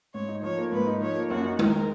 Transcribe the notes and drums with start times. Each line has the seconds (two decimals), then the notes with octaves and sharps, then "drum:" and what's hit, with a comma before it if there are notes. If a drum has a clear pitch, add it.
0.14 G#2 C#5
0.28 D#4
0.43 F3 C#5
0.58 A#3
0.72 G#2 B4
0.87 D#4
1.01 F3 C#5
1.15 A#3
1.31 F#2 F#4
1.45 D#4
1.59 D#3 A#4, drum: tom G#3
1.75 G#3